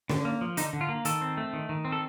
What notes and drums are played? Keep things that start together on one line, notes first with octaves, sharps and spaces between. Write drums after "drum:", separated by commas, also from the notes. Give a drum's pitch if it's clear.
D3, drum: snare
A#3
F3
D3 D#4, drum: hi-hat
D3
F4
A#3
D#3 A4, drum: hi-hat
C4
A3
D#3
D#3
C4
A4